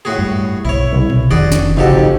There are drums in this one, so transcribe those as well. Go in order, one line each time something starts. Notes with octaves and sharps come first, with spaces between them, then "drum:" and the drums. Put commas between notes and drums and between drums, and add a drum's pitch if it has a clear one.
A2 F#4 G#4
G2
B1 E4 C#5
C2
drum: tom A#2
F1 D#3 F#4 G#4 D5
drum: snare
A1 F2 C#3 D#4 F#4 G4 A4
drum: tom G#2